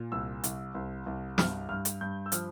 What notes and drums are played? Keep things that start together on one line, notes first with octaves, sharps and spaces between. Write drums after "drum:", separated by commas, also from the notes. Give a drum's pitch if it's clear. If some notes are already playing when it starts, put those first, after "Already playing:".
Already playing: A#2
C2 E6
C2, drum: hi-hat
C2
C2
G2 F6, drum: snare
G2 F6
drum: hi-hat
G2 G6
E6
F3 F6, drum: hi-hat